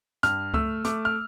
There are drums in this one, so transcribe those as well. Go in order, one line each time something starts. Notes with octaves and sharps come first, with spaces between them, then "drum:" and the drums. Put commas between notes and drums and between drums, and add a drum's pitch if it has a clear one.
G2 F6, drum: hi-hat
A3 E6, drum: kick C#2
A3 D6, drum: hi-hat
F6